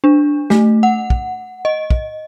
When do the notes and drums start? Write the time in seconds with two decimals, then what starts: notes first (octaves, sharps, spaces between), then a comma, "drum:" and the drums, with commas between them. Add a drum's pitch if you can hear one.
0.04 D4
0.50 A3, drum: snare
0.83 F#5
1.10 drum: kick
1.65 D#5
1.90 drum: kick